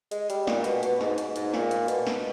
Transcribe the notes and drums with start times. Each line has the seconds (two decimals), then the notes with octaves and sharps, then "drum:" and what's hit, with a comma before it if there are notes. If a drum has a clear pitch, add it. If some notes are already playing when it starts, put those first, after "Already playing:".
0.11 G#3, drum: hi-hat
0.30 G3, drum: hi-hat
0.47 A#2, drum: snare
0.64 B2, drum: hi-hat
0.83 B2, drum: hi-hat
1.01 G#2, drum: snare
1.18 drum: hi-hat
1.36 G#2, drum: hi-hat
1.54 A#2, drum: snare
1.71 drum: hi-hat
1.88 B2, drum: hi-hat
2.07 drum: snare